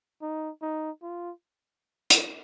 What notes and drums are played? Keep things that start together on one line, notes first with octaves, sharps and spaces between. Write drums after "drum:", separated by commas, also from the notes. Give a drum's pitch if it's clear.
D#4
D#4
F4
drum: hi-hat